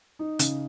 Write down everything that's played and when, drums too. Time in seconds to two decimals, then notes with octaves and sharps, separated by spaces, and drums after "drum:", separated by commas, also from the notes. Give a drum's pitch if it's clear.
0.19 D#4
0.39 C#3, drum: hi-hat